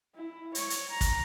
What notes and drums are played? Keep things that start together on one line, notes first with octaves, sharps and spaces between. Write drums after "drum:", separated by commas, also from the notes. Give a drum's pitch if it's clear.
E4
C#5, drum: hi-hat
drum: hi-hat
A#5
drum: kick, hi-hat